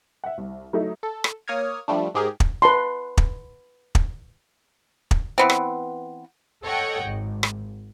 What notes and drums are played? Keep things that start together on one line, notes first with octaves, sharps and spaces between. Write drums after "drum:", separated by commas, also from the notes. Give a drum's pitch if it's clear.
E5 F#5
C2
F#3 A3 D#4 E4
A4
drum: rim click
A#3 C#5 D#6 F6 G#6
F3 G3 A3 D4
G#2 G4 G#4 A#4
drum: kick
B4 A5 C6
drum: kick
drum: kick
drum: kick
E3 B3 C4
drum: rim click
A4 C#5 D#5 F#5 G5
G#1
drum: rim click